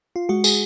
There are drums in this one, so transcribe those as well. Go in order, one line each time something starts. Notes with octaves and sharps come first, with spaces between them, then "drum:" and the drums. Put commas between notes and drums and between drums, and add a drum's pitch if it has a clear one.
F4
G#3 F#4
G#4, drum: tambourine